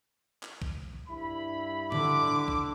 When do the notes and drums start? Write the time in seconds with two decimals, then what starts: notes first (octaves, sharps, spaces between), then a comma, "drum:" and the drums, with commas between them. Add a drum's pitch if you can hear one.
0.43 drum: clap
0.62 drum: kick B1
1.09 G2 E4 B5
1.92 D3 D6, drum: tom A2
2.48 drum: kick B1